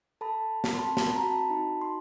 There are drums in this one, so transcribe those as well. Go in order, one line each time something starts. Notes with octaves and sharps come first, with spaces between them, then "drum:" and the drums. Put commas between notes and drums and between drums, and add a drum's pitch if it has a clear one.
A4 A5 B5
C4, drum: snare
C6
A5 B5
drum: snare
F#4 B5
A#5
A5 B5
D#4
C6